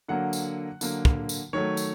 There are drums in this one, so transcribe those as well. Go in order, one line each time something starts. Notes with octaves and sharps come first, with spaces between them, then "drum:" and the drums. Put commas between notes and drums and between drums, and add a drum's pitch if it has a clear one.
D3 F#3 A#3 F#5
drum: tambourine
D3 F#3 A#3, drum: tambourine
drum: kick
drum: tambourine
D#3 F#3 A3 C#5
drum: tambourine